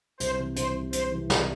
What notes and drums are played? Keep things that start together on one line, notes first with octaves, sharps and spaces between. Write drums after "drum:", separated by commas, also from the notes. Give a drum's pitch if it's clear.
C2 C5, drum: hi-hat
C3 E3
C2 C5, drum: hi-hat
C3 E3
C2 C5, drum: hi-hat
C3 E3
C2, drum: snare